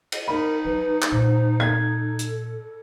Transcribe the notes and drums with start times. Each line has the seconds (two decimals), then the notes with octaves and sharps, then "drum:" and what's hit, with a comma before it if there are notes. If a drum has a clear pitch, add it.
0.12 drum: cymbal
0.28 D#4 A#4 B5
0.65 F#3 B3 B4
1.02 drum: clap
1.12 A#2 C5
1.60 A4 G#6
2.19 drum: hi-hat